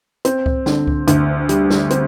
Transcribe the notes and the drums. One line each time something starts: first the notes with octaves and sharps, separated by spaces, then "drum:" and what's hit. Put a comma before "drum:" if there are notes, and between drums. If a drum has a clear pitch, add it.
C4, drum: hi-hat
drum: kick C#2
D3, drum: snare
drum: kick C#2
D2, drum: hi-hat
G3, drum: hi-hat
drum: snare
C4, drum: hi-hat